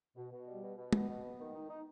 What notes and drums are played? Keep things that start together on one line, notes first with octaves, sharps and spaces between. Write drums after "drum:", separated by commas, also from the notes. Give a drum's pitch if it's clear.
B2
B2
G3
B2
B2
B3, drum: tom
B2
B3
D#3
D#4
D#4